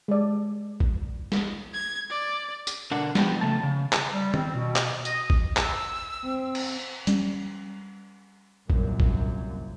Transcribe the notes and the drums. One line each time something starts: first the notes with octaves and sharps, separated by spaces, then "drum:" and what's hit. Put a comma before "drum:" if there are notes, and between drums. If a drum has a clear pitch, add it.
G#3 D5
drum: kick
drum: snare
G#6
D5
drum: tambourine
B2 D3 D4 A#4 F#5
F3 F#3 B3 G5, drum: snare
C#3 A3 A5
C#3
drum: clap
G3
C4, drum: tom D#3
B2
drum: clap
D#5, drum: tambourine
drum: kick
E6, drum: clap
C4
drum: cymbal
G3 C#4, drum: hi-hat
C2 F#2 A#2, drum: kick
drum: kick